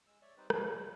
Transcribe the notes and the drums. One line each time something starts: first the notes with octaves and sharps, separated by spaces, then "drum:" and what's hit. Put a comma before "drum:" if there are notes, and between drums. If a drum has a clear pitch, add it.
G#3 E6
C#5 D5 E5
G3 C4 D#4 B4 C5
F4 A4 C#5 D5 E5 F5, drum: rim click
C#3 G3 A#3 D#4
A#3